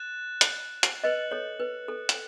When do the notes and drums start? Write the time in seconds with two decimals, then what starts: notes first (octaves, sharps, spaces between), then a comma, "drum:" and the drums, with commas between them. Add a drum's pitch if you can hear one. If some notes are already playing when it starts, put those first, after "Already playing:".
Already playing: F#6 A6 E7
0.41 drum: hi-hat
0.83 drum: hi-hat
1.04 B4 D#5 F#6 C#7 F#7
1.31 A4 C#5
1.60 B4
1.88 A4
2.09 drum: hi-hat